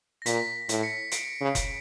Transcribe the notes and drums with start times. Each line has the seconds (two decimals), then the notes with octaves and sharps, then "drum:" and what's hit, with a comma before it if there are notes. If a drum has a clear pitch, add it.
0.22 A#6
0.26 A#2 B6, drum: hi-hat
0.69 A2, drum: hi-hat
0.83 B6 C#7
1.11 C7 D7, drum: hi-hat
1.41 C#3
1.55 drum: kick F1, hi-hat